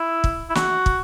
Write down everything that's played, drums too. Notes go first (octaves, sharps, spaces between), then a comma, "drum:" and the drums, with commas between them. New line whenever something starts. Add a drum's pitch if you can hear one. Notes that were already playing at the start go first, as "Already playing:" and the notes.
Already playing: E4
drum: kick
E4
F#4, drum: snare
drum: kick